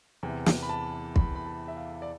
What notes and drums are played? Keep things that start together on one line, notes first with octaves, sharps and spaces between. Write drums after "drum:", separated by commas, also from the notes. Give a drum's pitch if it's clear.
E2 C3 E3
drum: snare
B5
A5
B5, drum: kick
B5
A5
E5
F5
D5